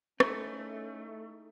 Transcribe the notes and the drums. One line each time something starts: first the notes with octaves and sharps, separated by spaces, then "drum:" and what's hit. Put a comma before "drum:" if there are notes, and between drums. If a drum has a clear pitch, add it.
A3 C#4 D#4 E4 G#4 A4 E5, drum: rim click